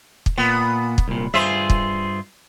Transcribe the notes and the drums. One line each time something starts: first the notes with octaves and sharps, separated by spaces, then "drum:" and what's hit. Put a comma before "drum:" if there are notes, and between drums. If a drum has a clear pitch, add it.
drum: kick
A#2 B3
drum: kick
C2 A#2
G2 F4 G#4 C5 E5
drum: kick